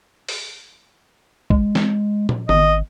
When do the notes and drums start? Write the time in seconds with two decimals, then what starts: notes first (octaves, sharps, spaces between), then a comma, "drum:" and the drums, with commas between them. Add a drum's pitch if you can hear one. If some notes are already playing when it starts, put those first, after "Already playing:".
0.29 drum: open hi-hat
1.50 G#3, drum: kick
1.75 drum: snare
2.29 drum: tom
2.49 G#1 D#5, drum: tom